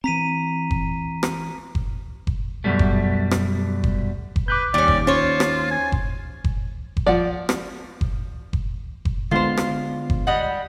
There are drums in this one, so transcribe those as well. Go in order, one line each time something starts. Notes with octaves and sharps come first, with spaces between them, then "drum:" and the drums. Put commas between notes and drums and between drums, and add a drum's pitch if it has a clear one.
E3 C4 A#5 B6 D#7
drum: kick F#1
drum: rim click
drum: kick F#1
drum: kick F#1
F#2 B2 G3 A3
drum: kick F#1
drum: rim click
drum: kick F#1
drum: kick F#1
B4 D6 F#6 G6
D#2 G3 C#4 D5
drum: kick F#1
C#4 F4 C5 C#5
drum: rim click
G#5
drum: kick F#1
drum: kick F#1
drum: kick F#1
F3 D5 F#5
drum: rim click
drum: kick F#1
drum: kick F#1
drum: kick F#1
D3 G#3 B3 F4 C5
drum: rim click
drum: kick F#1
G3 D#5 F#5